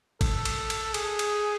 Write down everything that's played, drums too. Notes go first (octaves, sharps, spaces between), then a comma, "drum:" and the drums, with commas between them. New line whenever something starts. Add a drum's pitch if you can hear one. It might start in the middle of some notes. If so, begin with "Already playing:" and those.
A4, drum: kick G#1, cymbal
drum: cymbal
drum: cymbal
G#4, drum: cymbal
drum: cymbal